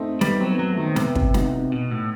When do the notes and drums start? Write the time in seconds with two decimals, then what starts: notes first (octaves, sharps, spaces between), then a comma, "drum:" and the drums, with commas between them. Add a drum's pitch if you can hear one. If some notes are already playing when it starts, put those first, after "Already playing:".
Already playing: A3 C4 D#4
0.21 G3 B3, drum: snare
0.40 F#3 C4
0.46 B3
0.59 F#3
0.72 A3
0.77 D#3
0.87 C4
0.96 C3 B3, drum: snare
1.15 drum: kick
1.34 D#4 F#4, drum: snare
1.72 B2
1.91 A2